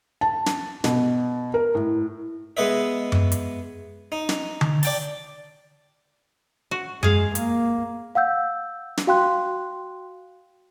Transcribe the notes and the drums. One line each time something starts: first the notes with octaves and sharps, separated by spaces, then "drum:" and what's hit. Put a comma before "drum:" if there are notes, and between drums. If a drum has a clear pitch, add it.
A5
drum: snare
B2, drum: snare
A#4
A2
G#3 B3 B4 D#5 E5
drum: tom F#2
drum: hi-hat
D#4
drum: snare
drum: tom D3
D5 G5 A5, drum: open hi-hat
F#4
G#3 G#4 F5, drum: tom F#2
A#3, drum: hi-hat
F5 F#5 E6 G6
drum: snare
F#4 F5 G5 C6 F#6